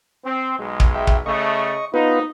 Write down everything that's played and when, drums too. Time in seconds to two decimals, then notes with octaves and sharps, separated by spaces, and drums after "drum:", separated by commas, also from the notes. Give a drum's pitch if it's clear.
0.25 C4
0.59 B1 G#3
0.80 drum: kick
0.95 E5 G5
1.07 drum: kick
1.26 C#3 A3 D#5 C#6
1.94 B3 D#4 F4 B4